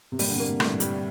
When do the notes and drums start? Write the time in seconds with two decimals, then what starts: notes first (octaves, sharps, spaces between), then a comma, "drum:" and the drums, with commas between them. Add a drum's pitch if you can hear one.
0.12 C3
0.19 A#2 G3, drum: open hi-hat
0.28 D3
0.35 C3 A#3
0.49 A#2
0.60 A2, drum: rim click
0.65 G2
0.80 G3, drum: hi-hat